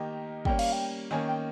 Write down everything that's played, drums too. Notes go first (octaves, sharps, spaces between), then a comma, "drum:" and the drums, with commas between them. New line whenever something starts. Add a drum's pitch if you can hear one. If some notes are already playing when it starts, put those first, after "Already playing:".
Already playing: D#3 A#3 D#4 G4
G3 A#3 C#4 G5, drum: kick
F5, drum: cymbal
G5
D#3 A#3 C#4 G#5
G5